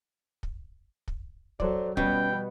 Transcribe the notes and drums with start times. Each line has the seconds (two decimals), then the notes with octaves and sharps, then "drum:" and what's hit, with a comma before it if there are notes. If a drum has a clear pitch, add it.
0.43 drum: kick
1.08 drum: kick
1.60 F#3 A4 C5 D5, drum: kick
1.97 B2 G3 B3 C#4 G5, drum: kick